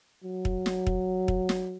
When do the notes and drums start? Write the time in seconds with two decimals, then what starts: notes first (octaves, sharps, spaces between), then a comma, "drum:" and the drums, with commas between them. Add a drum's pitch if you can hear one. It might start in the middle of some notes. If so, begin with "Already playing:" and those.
0.24 F#3
0.45 drum: kick
0.66 drum: snare
0.87 drum: kick
1.28 drum: kick
1.49 drum: snare